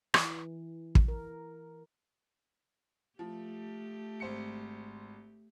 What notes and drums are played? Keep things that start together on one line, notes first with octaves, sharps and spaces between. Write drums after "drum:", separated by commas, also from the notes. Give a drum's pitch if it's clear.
E3, drum: rim click
drum: kick
A#4
F3 A3 G4
G#1 C5 C#7